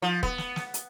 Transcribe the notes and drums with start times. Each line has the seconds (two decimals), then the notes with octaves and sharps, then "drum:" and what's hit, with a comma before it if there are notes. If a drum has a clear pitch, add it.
0.02 F3
0.23 B3, drum: kick
0.38 drum: snare
0.56 drum: snare
0.74 drum: hi-hat